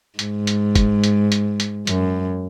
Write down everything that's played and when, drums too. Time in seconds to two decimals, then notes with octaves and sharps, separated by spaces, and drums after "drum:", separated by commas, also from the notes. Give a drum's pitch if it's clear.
0.19 G#2, drum: hi-hat
0.47 drum: hi-hat
0.75 drum: kick F#1, hi-hat
1.04 drum: hi-hat
1.32 drum: hi-hat
1.60 drum: hi-hat
1.87 F#2, drum: hi-hat